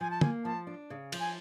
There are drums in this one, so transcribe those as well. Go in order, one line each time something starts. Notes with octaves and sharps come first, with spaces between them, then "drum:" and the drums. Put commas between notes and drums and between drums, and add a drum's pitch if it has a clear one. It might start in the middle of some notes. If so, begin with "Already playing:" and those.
F3 G#5
A5
A#3 G#5, drum: tom
F3 A5
D4
C#3
F3, drum: cymbal
G#5